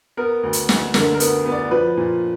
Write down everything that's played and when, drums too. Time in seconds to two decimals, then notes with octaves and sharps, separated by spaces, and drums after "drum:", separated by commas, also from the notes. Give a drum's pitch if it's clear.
0.17 B3 A#4
0.43 D2
0.53 drum: hi-hat
0.69 D2, drum: snare
0.94 D3 A#4, drum: snare
1.14 A#4
1.20 B3, drum: hi-hat
1.46 B3
1.52 D5
1.71 F3 B4
1.97 A#2